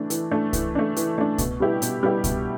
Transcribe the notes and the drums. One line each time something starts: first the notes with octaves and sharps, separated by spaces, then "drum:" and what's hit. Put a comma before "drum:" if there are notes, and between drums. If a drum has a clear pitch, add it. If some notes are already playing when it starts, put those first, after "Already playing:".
Already playing: E3 A3 D4
E3, drum: hi-hat
A3 D4
E3, drum: kick C2, hi-hat
A3 D4
E3, drum: hi-hat
A3 D4
B2, drum: kick C2, hi-hat
G3 B3 E4 G4
B2, drum: hi-hat
G3 B3 E4 G4
B2, drum: kick C2, hi-hat